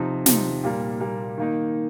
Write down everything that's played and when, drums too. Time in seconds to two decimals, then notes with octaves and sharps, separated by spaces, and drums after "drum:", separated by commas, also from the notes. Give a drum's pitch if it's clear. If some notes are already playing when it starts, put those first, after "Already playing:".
Already playing: C3 F3 D#4
0.26 C3 F3 D#4, drum: snare
0.64 A#2 G3 A#3
1.00 A#2 G3 A#3
1.37 D#3 A#3 D#4